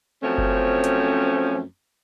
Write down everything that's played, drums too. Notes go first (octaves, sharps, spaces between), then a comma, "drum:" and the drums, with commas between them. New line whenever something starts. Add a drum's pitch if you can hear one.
F#2 F3 A3 C4 C#4
drum: kick F#1
drum: hi-hat